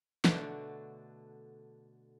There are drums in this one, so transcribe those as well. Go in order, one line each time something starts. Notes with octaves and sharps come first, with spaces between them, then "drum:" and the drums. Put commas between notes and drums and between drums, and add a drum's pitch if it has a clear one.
B2 D3 A3 D4 F#4 A5, drum: snare